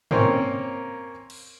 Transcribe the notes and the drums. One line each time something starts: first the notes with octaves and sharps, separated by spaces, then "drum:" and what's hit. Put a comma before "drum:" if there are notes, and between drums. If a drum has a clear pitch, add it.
A#3 C4 C#4, drum: tom
drum: cymbal